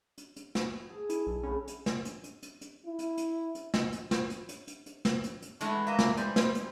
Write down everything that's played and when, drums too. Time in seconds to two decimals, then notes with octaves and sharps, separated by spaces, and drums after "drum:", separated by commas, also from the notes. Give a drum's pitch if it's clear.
0.18 drum: hi-hat
0.36 drum: hi-hat
0.55 drum: snare
0.89 G#4 A4
1.09 E4, drum: hi-hat
1.27 B1 A4
1.43 A2 C#3 C#4 B5
1.68 drum: hi-hat
1.86 drum: snare
2.05 drum: hi-hat
2.24 drum: hi-hat
2.42 drum: hi-hat
2.61 drum: hi-hat
2.85 E4
2.99 drum: hi-hat
3.17 drum: hi-hat
3.55 drum: hi-hat
3.74 drum: snare
3.92 drum: hi-hat
4.11 drum: snare
4.30 drum: hi-hat
4.49 drum: hi-hat
4.67 drum: hi-hat
4.86 drum: hi-hat
5.05 drum: snare
5.24 drum: hi-hat
5.42 drum: hi-hat
5.61 E3 G#3 A3 B3, drum: hi-hat
5.87 A#3 D#5 E5 A#5
5.99 drum: snare
6.17 G3 C5, drum: hi-hat
6.36 drum: snare
6.55 drum: hi-hat